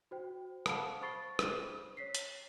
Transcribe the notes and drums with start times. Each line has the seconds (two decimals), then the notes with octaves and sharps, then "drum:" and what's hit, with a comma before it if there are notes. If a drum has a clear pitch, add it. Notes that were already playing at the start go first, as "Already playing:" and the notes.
0.11 F#4 C5 G5
0.66 C5 F5 F#5 A5 B5, drum: rim click
1.01 C5 B5 C#6 A6 C7 G7
1.39 drum: rim click
1.97 C#5 B6 C7
2.15 drum: hi-hat